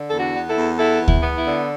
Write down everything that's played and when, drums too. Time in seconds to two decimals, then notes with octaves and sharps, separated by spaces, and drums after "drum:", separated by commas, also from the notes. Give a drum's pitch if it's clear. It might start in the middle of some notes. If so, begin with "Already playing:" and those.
Already playing: D3
0.09 E2 A4
0.19 D4 F#4
0.34 B3
0.49 E4 A4
0.56 E2
0.78 B3 E4 A4
1.00 E2
1.08 E4, drum: kick D2
1.23 B3
1.38 E4
1.45 D3